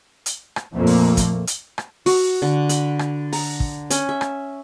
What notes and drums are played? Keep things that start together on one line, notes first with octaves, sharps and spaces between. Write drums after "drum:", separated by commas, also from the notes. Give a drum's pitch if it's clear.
drum: hi-hat
drum: rim click
F2 A#2 A3 A#3
drum: open hi-hat
drum: kick, hi-hat
drum: hi-hat
drum: rim click
F#4, drum: open hi-hat
D3
B5, drum: hi-hat
drum: rim click
A#5, drum: open hi-hat
drum: kick
C#4, drum: hi-hat
E5
drum: rim click